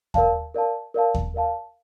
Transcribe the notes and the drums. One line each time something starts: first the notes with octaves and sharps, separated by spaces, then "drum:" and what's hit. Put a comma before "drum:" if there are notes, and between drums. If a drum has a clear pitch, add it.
A#4 D5 F5 A5, drum: kick D#2
A#4 D5 F5 A5
A#4 D5 F5 A5
drum: kick D#2
A#4 D5 F5 A5